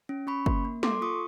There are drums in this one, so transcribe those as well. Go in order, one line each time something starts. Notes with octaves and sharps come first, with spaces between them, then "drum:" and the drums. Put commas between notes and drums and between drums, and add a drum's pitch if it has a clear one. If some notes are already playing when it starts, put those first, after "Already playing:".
C#4
C#4 B5 C#6
A#3, drum: kick
A#3
A4 C6 D6, drum: snare
F4 C#6 D#6